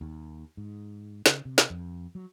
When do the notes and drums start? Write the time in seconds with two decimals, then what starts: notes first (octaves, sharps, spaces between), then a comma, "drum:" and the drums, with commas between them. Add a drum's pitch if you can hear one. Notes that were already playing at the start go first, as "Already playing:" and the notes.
0.01 D#2
0.57 G#2
1.26 C#3, drum: snare
1.45 C3
1.58 drum: snare
1.70 F2
2.15 F#3